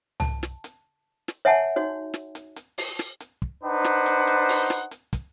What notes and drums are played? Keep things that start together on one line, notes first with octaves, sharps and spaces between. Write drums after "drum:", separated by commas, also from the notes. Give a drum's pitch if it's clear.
A5, drum: tom C2
drum: snare
drum: hi-hat
drum: snare
C#5 E5 F#5 G#5 A5
D#4 F#4 C#5
drum: snare
drum: hi-hat
drum: hi-hat
drum: open hi-hat
drum: snare
drum: hi-hat
drum: kick
D4 D#4 B4 C5 F#5
drum: snare
drum: hi-hat
drum: hi-hat
drum: open hi-hat
drum: snare
drum: hi-hat
drum: kick, hi-hat